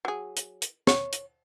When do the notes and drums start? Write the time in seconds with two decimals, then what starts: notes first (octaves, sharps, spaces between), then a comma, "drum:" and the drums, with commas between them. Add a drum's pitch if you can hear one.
0.05 F#3 G#4
0.37 drum: hi-hat
0.62 drum: hi-hat
0.87 C#5, drum: snare
1.13 drum: hi-hat